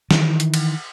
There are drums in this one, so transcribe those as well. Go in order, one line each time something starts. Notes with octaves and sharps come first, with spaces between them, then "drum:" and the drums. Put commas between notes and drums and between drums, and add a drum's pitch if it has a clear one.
D#3 E3, drum: snare
drum: hi-hat
drum: cymbal